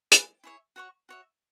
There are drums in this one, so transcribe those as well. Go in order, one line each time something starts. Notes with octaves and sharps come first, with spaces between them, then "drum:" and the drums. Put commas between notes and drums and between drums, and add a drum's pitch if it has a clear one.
B4 D5 G#5, drum: hi-hat
E4 G#4 C#5 E5
F#4 C#5 F#5 C#6
F#4 C#5 E5